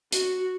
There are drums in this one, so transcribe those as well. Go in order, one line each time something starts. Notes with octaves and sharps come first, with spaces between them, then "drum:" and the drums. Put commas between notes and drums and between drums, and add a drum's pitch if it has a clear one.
F#4, drum: hi-hat